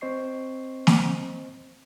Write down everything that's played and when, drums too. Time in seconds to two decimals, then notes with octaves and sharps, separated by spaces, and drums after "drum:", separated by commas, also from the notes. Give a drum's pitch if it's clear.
0.01 C4 C5 D#5 C#6 C7
0.87 drum: snare